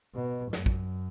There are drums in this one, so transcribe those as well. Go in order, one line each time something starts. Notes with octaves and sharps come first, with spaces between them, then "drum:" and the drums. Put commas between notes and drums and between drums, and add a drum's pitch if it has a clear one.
B2
F#2, drum: snare
drum: kick